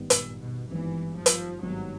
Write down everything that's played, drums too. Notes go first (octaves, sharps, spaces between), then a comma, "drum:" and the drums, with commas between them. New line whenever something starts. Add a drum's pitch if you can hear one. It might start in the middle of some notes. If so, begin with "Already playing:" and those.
Already playing: G#1 G2 D#3 G3 B3
A#2, drum: hi-hat
B2
G#1 G2 D#3 E3 G3 B3
F3
drum: hi-hat
G#1 G2 D#3 F#3 G3 B3